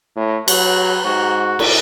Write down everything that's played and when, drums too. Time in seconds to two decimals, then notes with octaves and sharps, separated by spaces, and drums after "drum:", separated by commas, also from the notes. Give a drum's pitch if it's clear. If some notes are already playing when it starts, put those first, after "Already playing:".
0.16 A2
0.48 F#3 B4, drum: cymbal
1.05 G#2 F#4
1.59 drum: cymbal